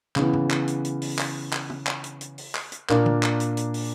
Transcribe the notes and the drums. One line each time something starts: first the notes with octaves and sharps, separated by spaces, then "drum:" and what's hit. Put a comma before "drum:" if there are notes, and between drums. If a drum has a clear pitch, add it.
C#3 E3 B3, drum: clap
drum: tom G#2
drum: clap
drum: hi-hat
drum: hi-hat
drum: open hi-hat
drum: clap
drum: clap
drum: tom
drum: clap
drum: hi-hat
drum: hi-hat
drum: open hi-hat
drum: clap
drum: hi-hat
A#2 A#3 D4, drum: clap
drum: tom
drum: clap
drum: hi-hat
drum: hi-hat
drum: open hi-hat